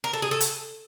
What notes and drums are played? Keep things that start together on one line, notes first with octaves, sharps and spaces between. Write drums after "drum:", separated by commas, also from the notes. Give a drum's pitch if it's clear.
A#4
A4
G#4
A4
drum: hi-hat